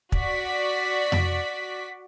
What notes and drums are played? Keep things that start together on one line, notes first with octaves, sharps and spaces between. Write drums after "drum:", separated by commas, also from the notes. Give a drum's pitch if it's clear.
F#4 D5 B6, drum: kick
drum: tom F2